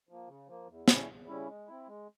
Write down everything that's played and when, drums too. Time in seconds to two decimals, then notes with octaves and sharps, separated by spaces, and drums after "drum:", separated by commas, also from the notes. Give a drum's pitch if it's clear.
0.09 F3 A#3
0.28 C#3
0.48 F3 A#3
0.68 E2
0.88 C#3 G3 C#4 E4, drum: snare
1.08 E2
1.27 C#3 G3 C#4 E4
1.49 G#3
1.68 C4 E4
1.88 G#3